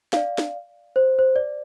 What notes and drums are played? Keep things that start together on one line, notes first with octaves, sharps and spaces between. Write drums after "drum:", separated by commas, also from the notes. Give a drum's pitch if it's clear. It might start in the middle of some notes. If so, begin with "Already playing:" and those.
F5, drum: snare
D5
drum: snare
C5
C5
D5